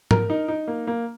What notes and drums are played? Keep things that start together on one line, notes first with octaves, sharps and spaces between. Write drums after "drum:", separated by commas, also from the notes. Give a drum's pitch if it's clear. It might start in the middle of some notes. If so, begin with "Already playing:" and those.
A#4, drum: tom
D#4
D#4
A#3
A#3